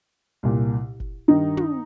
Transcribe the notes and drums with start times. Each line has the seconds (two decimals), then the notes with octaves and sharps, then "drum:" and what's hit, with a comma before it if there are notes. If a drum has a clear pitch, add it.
0.43 C2 A#2
1.00 drum: kick
1.28 G2 D#3 D#4
1.57 drum: tom